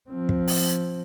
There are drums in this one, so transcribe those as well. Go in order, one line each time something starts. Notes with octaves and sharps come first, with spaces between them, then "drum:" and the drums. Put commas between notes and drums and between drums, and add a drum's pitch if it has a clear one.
F3 C4
drum: kick
drum: open hi-hat